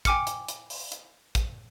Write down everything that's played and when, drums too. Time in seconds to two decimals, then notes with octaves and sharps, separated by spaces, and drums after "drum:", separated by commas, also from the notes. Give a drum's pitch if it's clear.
0.05 G5 G#5 D6 F6 C#7, drum: kick, hi-hat
0.27 drum: hi-hat
0.48 drum: hi-hat
0.70 drum: open hi-hat
0.92 drum: hi-hat
1.35 drum: kick, hi-hat